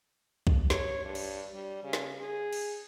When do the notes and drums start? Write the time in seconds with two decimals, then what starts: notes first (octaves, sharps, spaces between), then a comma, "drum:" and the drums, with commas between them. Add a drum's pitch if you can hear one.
0.47 drum: kick B1
0.70 C#5, drum: snare
1.05 G2
1.15 drum: cymbal
1.54 G3
1.84 C#3
1.93 drum: snare
2.21 G#4
2.53 drum: cymbal